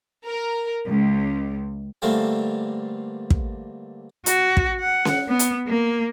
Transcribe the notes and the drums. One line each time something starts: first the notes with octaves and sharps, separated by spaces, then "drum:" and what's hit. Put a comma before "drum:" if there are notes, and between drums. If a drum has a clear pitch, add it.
A#4
C#2
G2 D3 A3 A#3 C4
drum: kick
F#4, drum: hi-hat
drum: kick
F#5
drum: snare C#4
B3
drum: hi-hat
A#3